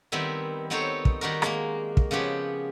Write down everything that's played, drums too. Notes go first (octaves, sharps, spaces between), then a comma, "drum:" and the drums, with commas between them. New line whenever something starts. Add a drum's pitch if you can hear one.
D#3 G3 B3 C4 E4
B3 C4 D#4 A4 C5 C#5
drum: kick
D#3 G3 F#4 A#4
G#3 A#3, drum: rim click
drum: kick
C#3 F3 B3 G4 G#4